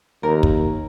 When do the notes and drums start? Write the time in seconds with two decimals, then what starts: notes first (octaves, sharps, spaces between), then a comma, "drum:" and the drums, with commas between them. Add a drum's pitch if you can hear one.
0.23 D#2 A#4
0.43 drum: kick